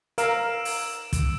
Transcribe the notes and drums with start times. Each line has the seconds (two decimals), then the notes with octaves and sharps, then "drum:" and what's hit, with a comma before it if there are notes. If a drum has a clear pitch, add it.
0.18 A#4 F5 E6 D7 E7, drum: hi-hat
0.65 drum: open hi-hat
1.13 drum: kick, hi-hat